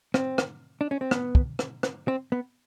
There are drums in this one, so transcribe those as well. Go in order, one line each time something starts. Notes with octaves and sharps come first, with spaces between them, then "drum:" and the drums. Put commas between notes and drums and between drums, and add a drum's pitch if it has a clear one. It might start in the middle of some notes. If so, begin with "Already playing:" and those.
C4, drum: rim click
drum: rim click
D4
C#4
C4
B3, drum: rim click
drum: kick
drum: rim click
drum: rim click
C4
B3